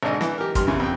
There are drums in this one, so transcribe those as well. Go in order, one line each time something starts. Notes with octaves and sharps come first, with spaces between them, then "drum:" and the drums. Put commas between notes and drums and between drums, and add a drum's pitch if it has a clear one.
G#1 G#2 D3 D4 D#5
E3, drum: snare
G4 A#4
G2 G3 C6 F6, drum: kick, hi-hat
E2 C#3 E3
F2 G5